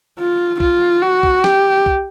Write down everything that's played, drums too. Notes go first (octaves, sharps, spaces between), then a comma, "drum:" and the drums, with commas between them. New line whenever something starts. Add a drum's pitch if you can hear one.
F4
F4, drum: kick
F#4
drum: kick
G4, drum: snare
drum: kick